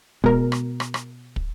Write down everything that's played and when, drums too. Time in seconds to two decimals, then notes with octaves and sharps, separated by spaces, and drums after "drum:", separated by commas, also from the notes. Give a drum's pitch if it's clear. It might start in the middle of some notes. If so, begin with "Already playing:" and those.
0.24 B2 G#3 A#4, drum: kick
0.52 drum: rim click
0.80 drum: rim click
0.94 drum: rim click
1.36 drum: kick